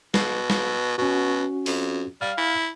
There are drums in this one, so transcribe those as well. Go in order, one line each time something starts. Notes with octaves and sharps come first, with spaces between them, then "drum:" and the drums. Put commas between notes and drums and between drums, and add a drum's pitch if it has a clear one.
B2, drum: snare
drum: snare
B2 C#4 F#4
F2, drum: open hi-hat
G3 F5 F6
E4